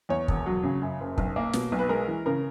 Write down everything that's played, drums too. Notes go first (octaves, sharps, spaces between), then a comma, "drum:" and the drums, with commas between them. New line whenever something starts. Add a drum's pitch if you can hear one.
E2 C#5
E1, drum: kick
F#3
C#3
F#2
F#1
B1, drum: kick
A#3
B2, drum: snare
B1
B4
G#3 A#4
E3
C#3 A#4